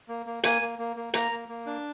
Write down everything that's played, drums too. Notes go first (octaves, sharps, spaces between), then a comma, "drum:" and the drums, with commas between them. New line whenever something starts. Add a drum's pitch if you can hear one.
A#3
A#3
A#3 G#5, drum: hi-hat
A#3
A#3
A#3
A#3 A#5, drum: hi-hat
A#3
A#3
D4